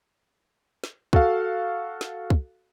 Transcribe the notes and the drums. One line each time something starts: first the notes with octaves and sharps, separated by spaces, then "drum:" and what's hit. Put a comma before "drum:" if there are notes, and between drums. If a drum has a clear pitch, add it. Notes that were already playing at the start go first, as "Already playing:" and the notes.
drum: snare
F#4 A4 F5, drum: kick
drum: snare
drum: kick